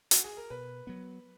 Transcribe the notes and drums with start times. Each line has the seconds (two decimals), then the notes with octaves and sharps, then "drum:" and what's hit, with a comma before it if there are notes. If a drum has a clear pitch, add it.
0.11 F#4, drum: hi-hat
0.24 G#4
0.37 A#4
0.50 B2 B4
0.87 F#3 B3